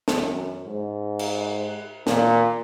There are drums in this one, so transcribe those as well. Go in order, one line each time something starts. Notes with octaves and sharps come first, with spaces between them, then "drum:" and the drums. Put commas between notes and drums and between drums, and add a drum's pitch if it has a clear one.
drum: snare
F#2
G#2
drum: cymbal
A#2, drum: snare